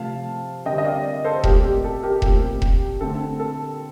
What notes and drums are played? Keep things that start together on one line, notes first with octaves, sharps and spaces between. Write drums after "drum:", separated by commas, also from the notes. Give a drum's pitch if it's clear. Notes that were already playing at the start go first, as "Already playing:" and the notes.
Already playing: C3 F3 A3 F5 A5
D3 G3 C4 D#5 G5
D#5
D5 F5
A4 C5
A#2 A3 C4 G4 A#4, drum: kick E1
G4
A4
G4 A#4
A#2 A3 C4 G4, drum: kick E1
drum: kick E1
D3 A3 C4 A4
A4